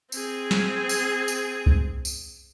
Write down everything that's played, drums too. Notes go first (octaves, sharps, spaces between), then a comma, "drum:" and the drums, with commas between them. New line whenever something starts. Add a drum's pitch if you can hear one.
C4 G#4, drum: tambourine
drum: snare
drum: tambourine
drum: tambourine
drum: kick C2
drum: tambourine